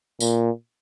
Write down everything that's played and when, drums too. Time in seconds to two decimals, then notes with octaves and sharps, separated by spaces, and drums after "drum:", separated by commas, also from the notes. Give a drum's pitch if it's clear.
0.21 A#2, drum: tambourine